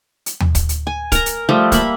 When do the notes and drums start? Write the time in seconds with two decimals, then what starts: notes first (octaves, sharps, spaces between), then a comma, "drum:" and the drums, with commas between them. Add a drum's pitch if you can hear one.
0.26 drum: hi-hat
0.40 drum: tom
0.55 drum: kick, hi-hat
0.69 drum: hi-hat
0.87 G#5
1.12 A#4 A#5, drum: kick, hi-hat
1.26 drum: hi-hat
1.49 F3 G3 A3
1.72 A#3 E5 B5, drum: kick, hi-hat